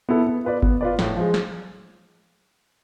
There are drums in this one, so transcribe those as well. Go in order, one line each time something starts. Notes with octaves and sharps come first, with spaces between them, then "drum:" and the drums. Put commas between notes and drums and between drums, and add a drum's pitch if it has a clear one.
B3 E4 A4
B3
F4 B4 D5
B3, drum: kick F#1
F4 B4 D5
A2, drum: snare
F3 G#3
drum: snare